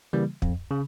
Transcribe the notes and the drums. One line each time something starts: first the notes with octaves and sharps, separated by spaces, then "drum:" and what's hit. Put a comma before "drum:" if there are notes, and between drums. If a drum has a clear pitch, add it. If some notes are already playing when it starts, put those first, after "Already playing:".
C#3 E3 G3 A#3
F2, drum: kick
C#3